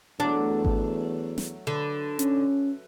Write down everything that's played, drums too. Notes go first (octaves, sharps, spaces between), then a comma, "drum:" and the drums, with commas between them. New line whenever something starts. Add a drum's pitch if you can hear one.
E2 F#3 A3 D4
drum: kick G#1
drum: snare
D3 B4
C#4, drum: hi-hat